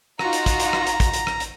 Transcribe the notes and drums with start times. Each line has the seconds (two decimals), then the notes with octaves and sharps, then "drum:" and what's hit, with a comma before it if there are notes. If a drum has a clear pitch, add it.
0.19 D#4 F4 F#4 A#5, drum: rim click
0.33 drum: hi-hat
0.46 drum: kick, hi-hat
0.60 drum: hi-hat
0.73 drum: rim click
0.87 drum: hi-hat
1.00 drum: kick, hi-hat
1.13 drum: hi-hat
1.27 drum: rim click
1.40 drum: hi-hat